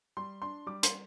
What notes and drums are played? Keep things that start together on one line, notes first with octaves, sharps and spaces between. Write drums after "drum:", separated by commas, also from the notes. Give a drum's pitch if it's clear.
G3 C6
D4 C6
G3 D6
C6, drum: hi-hat